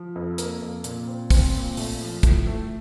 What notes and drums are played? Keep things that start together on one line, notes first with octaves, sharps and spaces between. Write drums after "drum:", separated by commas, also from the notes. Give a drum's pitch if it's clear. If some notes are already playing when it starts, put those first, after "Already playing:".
Already playing: F3
F2
A#3, drum: hi-hat
F2
A#2, drum: hi-hat
C4
C4, drum: kick, open hi-hat
A#2
A3, drum: open hi-hat
F3
A2, drum: kick, hi-hat
A3